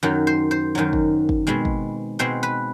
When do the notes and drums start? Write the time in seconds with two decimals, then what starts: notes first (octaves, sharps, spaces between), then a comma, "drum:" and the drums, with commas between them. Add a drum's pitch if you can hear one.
0.03 F#2 D#3 F#3
0.27 C5
0.51 C5
0.75 F#2 D#3 F#3
0.93 drum: kick
1.29 drum: kick
1.47 B2 G#3 C4
1.65 drum: kick
2.19 B2 G#3 C4 C5
2.43 B4